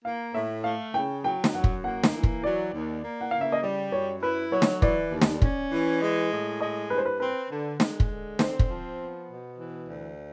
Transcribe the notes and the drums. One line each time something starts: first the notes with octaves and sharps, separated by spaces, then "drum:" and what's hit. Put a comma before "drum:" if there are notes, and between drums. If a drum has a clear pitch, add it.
A#3 F5
A2 E5
A3 F5
C#3 G5
F#3 G5
drum: snare
F#2 F#5
drum: kick
A#3 F#5
drum: snare
E3
drum: kick
F#3 D5
D#2
A#3
F#5
C#3 F5
E5
D#5
G3 D5
F#2 C#5
E4 B4
F#3 C#5
drum: snare
E3 D5, drum: kick
D#2
drum: snare
C#4, drum: kick
E3
G#3
A2
G#3 D#5
G2 B4
C5
B4
C4 B4
D3
G#3, drum: snare
drum: kick
D3
C4 C5, drum: snare
drum: kick
F3
B3
B2
E3
D2